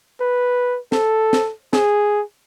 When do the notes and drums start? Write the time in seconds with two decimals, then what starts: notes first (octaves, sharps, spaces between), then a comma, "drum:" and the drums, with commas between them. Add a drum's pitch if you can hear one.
0.20 B4
0.92 A4, drum: snare
1.33 drum: snare
1.73 G#4, drum: snare